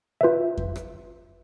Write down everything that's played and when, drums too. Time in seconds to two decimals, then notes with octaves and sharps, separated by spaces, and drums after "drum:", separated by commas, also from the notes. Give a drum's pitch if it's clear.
0.21 F4 B4 E5
0.57 drum: kick F2
0.76 drum: rim click